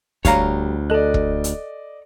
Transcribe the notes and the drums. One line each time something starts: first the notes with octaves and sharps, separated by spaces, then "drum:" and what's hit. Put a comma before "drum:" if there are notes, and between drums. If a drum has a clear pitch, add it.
D2 G3 C#5 F5 A#5, drum: kick E1, hi-hat
A4 D5 D#5 F#6
drum: kick E1
drum: hi-hat